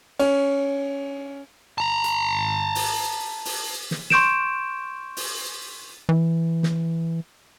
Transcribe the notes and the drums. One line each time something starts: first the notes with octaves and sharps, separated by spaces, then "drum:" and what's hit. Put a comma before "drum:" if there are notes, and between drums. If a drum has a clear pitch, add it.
C#4, drum: cymbal
A5 A#5
drum: hi-hat
drum: open hi-hat
drum: open hi-hat
drum: snare
C6 C#6 G6 D7 E7, drum: snare
drum: open hi-hat
E3
drum: snare